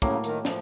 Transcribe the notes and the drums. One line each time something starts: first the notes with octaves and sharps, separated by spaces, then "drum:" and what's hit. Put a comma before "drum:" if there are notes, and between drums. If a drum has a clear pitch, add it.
A2 C#3 F#3 A#3, drum: kick, hi-hat
D#3, drum: hi-hat
F3, drum: snare